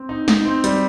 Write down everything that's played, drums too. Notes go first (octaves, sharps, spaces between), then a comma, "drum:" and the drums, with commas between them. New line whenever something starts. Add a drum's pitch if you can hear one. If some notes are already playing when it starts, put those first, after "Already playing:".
Already playing: C4
D#4
D#4, drum: snare
C4
G3, drum: hi-hat